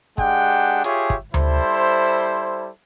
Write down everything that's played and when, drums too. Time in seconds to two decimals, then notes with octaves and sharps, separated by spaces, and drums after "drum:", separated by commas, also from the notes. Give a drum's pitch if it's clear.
0.18 G#3 D4 G4 F#5 G5, drum: kick
0.84 F4 G4 G#4 C#5 E5, drum: hi-hat
1.10 drum: kick
1.34 G3 E4 A4 C5, drum: tom D2